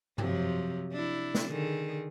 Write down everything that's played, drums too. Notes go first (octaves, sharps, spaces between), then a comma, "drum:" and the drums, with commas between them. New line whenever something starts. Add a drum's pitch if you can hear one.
C3 F3 F#3, drum: tom F#2
D4 E4
drum: snare
D3 D#3 G#4